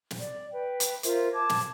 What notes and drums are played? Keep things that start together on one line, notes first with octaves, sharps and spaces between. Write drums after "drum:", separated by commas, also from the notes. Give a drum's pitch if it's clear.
drum: snare
D5
B4 G5
drum: hi-hat
F4 A#4 C5 E5, drum: hi-hat
A5 D6 G#6
drum: snare